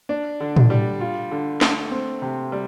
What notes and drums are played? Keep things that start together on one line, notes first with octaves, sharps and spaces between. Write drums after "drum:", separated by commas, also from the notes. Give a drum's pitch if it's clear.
D4
D3
drum: tom A2
G3
F4
D3
A3, drum: snare
C4
C3
G3